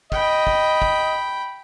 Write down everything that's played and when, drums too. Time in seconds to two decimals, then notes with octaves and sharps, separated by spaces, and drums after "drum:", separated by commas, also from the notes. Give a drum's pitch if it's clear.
0.12 D#5 G5 B5, drum: kick
0.47 drum: kick
0.82 drum: kick